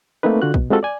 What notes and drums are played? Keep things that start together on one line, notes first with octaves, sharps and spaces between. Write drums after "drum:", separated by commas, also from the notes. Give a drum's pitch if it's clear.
A3 A#3 C4 D#4 B4
D3 F4 F#4 F#6
B2, drum: kick
G#3 C4 F4 F#4 A4
D5 G#5